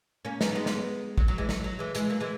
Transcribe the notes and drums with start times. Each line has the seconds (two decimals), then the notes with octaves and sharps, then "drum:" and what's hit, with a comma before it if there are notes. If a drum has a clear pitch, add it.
0.25 A#3 C#4
0.41 B3 D#4, drum: snare
0.55 G#3 B3
0.66 drum: snare
1.18 F#3, drum: kick A1
1.28 F#3
1.38 E3 G#3
1.49 F#3, drum: snare
1.64 F#3
1.79 E3 G#3
1.95 E3 G#3, drum: hi-hat
2.10 F#3 A#3
2.20 E3 G#3